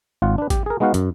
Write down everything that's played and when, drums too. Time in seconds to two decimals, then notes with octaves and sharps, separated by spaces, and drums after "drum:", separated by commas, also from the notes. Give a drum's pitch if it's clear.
0.22 G#1 F4 F#5
0.38 D4 B4
0.50 G4, drum: kick G#1, hi-hat
0.66 G#4 A#4
0.80 G#3 B3 D#4 F#4 F5 F#5
0.94 F#2, drum: hi-hat